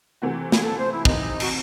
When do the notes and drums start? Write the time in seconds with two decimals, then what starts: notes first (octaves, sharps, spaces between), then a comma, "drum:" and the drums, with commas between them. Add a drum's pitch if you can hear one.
0.22 C3 E3 A3 C4 F#4
0.52 G#4, drum: snare
0.64 A4
0.78 C5
0.92 E4
1.05 C3 E3 C4 D#4, drum: kick
1.40 F#4, drum: cymbal